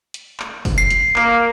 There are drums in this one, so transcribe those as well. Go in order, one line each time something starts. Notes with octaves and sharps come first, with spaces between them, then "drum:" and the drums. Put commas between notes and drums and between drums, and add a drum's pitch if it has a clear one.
drum: hi-hat
drum: clap
drum: kick, open hi-hat
C7
drum: hi-hat
A#3, drum: clap